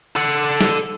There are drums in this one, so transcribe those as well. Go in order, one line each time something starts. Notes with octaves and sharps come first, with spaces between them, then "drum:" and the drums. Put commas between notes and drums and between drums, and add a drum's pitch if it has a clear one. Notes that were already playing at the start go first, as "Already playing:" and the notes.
A4 F#5
drum: snare